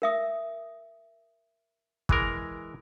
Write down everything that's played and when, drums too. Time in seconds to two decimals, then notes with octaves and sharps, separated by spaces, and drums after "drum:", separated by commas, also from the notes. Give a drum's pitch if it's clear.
0.02 A#4 E5 D#6
2.09 E3 G#3 A#4, drum: kick